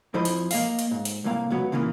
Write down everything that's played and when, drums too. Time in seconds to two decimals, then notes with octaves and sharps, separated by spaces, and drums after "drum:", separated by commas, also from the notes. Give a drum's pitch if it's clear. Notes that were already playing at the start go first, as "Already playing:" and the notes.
0.14 F2 F3 E4 C5 D#5 B5
0.25 drum: hi-hat
0.51 A#3 D#5 F5, drum: open hi-hat
0.79 drum: hi-hat
0.91 G#2
1.05 drum: hi-hat
1.24 C2 A2 A#3 F5
1.50 C#2 F#2 F#3 B3
1.72 A#2 C#3 E3 A3 A#3